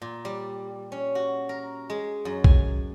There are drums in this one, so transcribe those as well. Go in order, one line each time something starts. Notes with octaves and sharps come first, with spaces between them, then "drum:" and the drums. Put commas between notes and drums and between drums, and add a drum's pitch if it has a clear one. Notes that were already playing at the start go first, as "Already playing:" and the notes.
A#2
G3
C#4
F#4
A#4
G#3
F#2
G#5, drum: kick B1